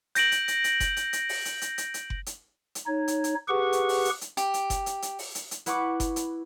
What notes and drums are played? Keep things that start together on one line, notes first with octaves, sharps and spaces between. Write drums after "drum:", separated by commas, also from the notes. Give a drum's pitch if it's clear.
G6 A#6 D7 F#7, drum: hi-hat
drum: hi-hat
drum: hi-hat
drum: hi-hat
drum: kick F#1, hi-hat
drum: hi-hat
drum: hi-hat
drum: open hi-hat
drum: hi-hat
drum: hi-hat
drum: hi-hat
drum: hi-hat
drum: kick F#1
drum: hi-hat
drum: hi-hat
D#4 C#5
drum: hi-hat
drum: hi-hat
G4 G#4 B4 F#5 C#6
drum: hi-hat
drum: open hi-hat
drum: hi-hat
drum: hi-hat
G4, drum: hi-hat
drum: hi-hat
drum: kick F#1, hi-hat
drum: hi-hat
drum: hi-hat
drum: open hi-hat
drum: hi-hat
drum: hi-hat
E4 B4 F#5 B5 C#6 D6, drum: hi-hat
drum: kick F#1, hi-hat
drum: hi-hat